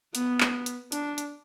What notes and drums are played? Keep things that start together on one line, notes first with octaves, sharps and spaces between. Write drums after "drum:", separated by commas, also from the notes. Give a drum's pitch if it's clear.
B3, drum: hi-hat
drum: clap
drum: hi-hat
D4, drum: hi-hat
drum: hi-hat